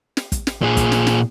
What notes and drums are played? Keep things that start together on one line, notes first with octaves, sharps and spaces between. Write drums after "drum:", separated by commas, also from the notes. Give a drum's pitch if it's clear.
drum: snare
drum: kick, hi-hat
drum: snare
A#2 G#4
drum: kick, hi-hat
drum: snare
drum: snare